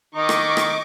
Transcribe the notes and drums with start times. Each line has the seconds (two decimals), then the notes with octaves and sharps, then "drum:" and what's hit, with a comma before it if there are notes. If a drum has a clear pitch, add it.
0.15 D#3 D#4 D#5 C#6 D6
0.29 drum: rim click
0.57 drum: rim click